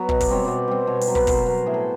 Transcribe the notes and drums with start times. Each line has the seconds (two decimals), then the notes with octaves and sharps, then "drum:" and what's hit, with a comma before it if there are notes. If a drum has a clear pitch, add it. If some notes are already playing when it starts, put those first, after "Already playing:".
Already playing: F#3 B3
0.09 B2 D#5, drum: kick
0.20 D5, drum: kick, open hi-hat
0.29 G3 C4 C#5
0.44 B2 C5 D5
0.68 G3 C4
0.87 B2 C#5
1.01 C5, drum: open hi-hat
1.08 F#3 B3
1.15 B4, drum: kick
1.27 B2 A#4 C5, drum: kick, open hi-hat
1.46 F#3 B3
1.66 A2 G#4
1.74 A4